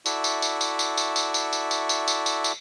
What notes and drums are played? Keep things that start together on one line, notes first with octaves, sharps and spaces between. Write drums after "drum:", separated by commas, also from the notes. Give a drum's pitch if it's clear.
E4 F#4 A4 D5 E5 C#6, drum: tambourine
drum: tambourine
drum: tambourine
drum: tambourine
drum: tambourine
drum: tambourine
drum: tambourine
drum: tambourine
drum: tambourine
drum: tambourine
drum: tambourine
drum: tambourine
drum: tambourine
drum: tambourine